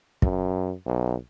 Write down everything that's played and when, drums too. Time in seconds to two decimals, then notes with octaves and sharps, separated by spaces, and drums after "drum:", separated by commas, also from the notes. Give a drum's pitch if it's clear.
0.22 F#2, drum: kick
0.86 B1